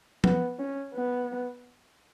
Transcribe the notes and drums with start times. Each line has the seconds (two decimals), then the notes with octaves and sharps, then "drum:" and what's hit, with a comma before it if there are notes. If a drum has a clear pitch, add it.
0.24 B3, drum: tom F3
0.58 C#4
0.94 B3